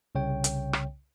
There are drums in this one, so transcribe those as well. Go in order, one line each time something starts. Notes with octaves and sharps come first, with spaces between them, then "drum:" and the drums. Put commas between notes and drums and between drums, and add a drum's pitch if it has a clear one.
C2 C#3 C#5 G5
drum: hi-hat
drum: rim click